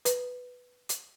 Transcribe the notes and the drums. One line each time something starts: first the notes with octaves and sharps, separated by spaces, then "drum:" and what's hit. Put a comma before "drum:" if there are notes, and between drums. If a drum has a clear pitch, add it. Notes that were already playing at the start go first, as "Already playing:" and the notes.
B4, drum: hi-hat
drum: hi-hat